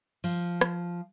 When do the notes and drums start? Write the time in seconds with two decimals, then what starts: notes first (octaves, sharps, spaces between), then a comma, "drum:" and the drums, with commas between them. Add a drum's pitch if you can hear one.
0.24 F3, drum: open hi-hat
0.61 drum: rim click